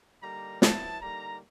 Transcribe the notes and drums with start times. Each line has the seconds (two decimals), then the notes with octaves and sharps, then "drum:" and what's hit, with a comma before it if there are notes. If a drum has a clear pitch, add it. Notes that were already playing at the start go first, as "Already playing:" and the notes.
0.22 D3 G3 A#3 D#4 A#5
0.62 F#3 B3 E4 A5, drum: snare
1.01 D3 G3 A#3 D#4 A#5